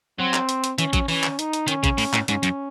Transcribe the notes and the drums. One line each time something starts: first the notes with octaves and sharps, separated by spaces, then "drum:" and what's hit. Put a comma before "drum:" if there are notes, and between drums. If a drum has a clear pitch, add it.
F#3 C4
drum: clap
drum: hi-hat
drum: hi-hat
E3 C#4, drum: hi-hat
F#3, drum: kick A1, hi-hat
E3 C#4, drum: open hi-hat
drum: clap
D#4, drum: hi-hat
drum: hi-hat
D#3 C#4, drum: hi-hat
C#3, drum: kick A1, hi-hat
A2, drum: open hi-hat
A2, drum: clap
G#2 C#4, drum: hi-hat
F#2, drum: hi-hat